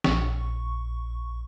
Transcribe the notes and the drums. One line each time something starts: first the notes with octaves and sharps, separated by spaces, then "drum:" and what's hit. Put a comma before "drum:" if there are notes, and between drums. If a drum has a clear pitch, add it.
A#1 C#6, drum: snare